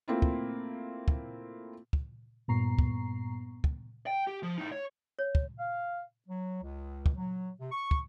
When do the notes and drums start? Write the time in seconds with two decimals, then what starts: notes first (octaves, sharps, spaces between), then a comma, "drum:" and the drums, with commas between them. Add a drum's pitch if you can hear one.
0.08 A3 A#3 C4 E4 F4
0.22 drum: kick
1.08 drum: kick
1.93 drum: kick
2.48 G2 A#2 B3 A#5 C#6 C7
2.79 drum: kick
3.64 drum: kick
4.07 G5
4.27 G4
4.43 F3
4.58 A2 D#4
4.72 C#5
5.19 C#5
5.35 drum: kick
5.59 F5
6.29 F#3
6.62 C#2
7.06 drum: kick
7.16 F#3
7.60 C3
7.71 C#6
7.91 drum: kick